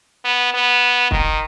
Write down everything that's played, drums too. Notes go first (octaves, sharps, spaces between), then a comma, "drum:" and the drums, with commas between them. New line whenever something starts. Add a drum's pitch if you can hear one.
B3
B3
D#3, drum: kick